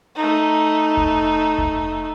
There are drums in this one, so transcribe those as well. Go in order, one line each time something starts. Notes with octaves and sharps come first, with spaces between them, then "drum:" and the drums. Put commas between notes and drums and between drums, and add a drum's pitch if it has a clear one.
A3 D#4
drum: kick F1
drum: kick F1